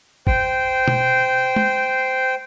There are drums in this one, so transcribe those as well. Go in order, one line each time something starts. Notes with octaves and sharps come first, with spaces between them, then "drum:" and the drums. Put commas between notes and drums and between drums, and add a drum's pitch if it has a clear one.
C5 G5, drum: kick
drum: tom B2
drum: tom